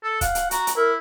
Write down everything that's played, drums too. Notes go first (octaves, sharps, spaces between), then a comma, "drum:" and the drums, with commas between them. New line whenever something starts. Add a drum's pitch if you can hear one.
A4
F5 F#5, drum: kick C#1, hi-hat
drum: hi-hat
F#4 A#5, drum: hi-hat
drum: hi-hat
E4 A#4